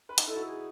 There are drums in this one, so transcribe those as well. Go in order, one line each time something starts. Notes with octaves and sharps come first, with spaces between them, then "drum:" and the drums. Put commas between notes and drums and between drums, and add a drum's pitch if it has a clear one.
B4
D#4, drum: hi-hat
E4 A4
F#4
G#4